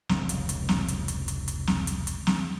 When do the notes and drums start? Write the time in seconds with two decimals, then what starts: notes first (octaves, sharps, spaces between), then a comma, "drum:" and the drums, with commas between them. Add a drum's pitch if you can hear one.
0.09 F1 C#2, drum: snare
0.29 drum: hi-hat
0.49 drum: hi-hat
0.69 drum: snare
0.88 drum: hi-hat
1.08 drum: hi-hat
1.28 drum: hi-hat
1.48 drum: hi-hat
1.67 drum: snare
1.87 drum: hi-hat
2.07 drum: hi-hat
2.27 drum: snare